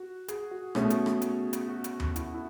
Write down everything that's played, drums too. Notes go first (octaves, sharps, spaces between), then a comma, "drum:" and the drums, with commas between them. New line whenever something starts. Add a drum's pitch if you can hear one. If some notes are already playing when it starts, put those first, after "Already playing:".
Already playing: F#4
G#4, drum: hi-hat
F#4
B2 A3 C#4 G#4, drum: rim click
drum: hi-hat
drum: rim click
drum: hi-hat
drum: hi-hat
F#4
drum: hi-hat
drum: tom D#2
E4, drum: hi-hat
E4